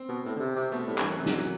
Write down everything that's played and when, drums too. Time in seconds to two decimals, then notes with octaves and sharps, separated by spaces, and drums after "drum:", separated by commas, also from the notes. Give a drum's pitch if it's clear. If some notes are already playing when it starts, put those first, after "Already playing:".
Already playing: C4
0.09 B2
0.25 A2
0.36 D3
0.40 C3
0.56 C3 C4
0.71 B2 A3
0.87 A2 G3
0.98 G2 E3, drum: clap
1.04 F#2 F#3
1.18 F#2 C3
1.26 F#3, drum: snare
1.34 E3